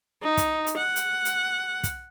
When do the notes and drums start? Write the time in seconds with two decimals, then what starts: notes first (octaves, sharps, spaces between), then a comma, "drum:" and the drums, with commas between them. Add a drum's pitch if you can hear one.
0.23 D#4
0.37 drum: kick, hi-hat
0.67 drum: hi-hat
0.77 F#5
0.96 drum: hi-hat
1.25 drum: hi-hat
1.83 drum: kick, hi-hat